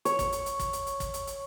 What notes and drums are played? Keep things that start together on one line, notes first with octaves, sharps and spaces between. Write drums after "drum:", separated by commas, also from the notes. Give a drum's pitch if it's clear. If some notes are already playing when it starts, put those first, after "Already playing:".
C#5, drum: hi-hat
drum: kick, hi-hat
drum: hi-hat
drum: hi-hat
drum: kick, hi-hat
drum: hi-hat
drum: hi-hat
drum: kick, hi-hat
drum: hi-hat
drum: hi-hat